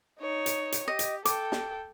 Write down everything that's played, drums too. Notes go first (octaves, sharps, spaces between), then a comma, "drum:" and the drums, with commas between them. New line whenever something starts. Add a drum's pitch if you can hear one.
D#4 C#5
drum: hi-hat
drum: hi-hat
G4 D#5
drum: hi-hat
A4 G5 D6, drum: hi-hat
drum: snare